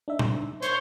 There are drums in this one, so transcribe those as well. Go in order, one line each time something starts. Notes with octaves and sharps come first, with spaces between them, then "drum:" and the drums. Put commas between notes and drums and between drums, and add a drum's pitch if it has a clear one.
D4 D#4 E5
drum: tom A#2
C5 C#5, drum: hi-hat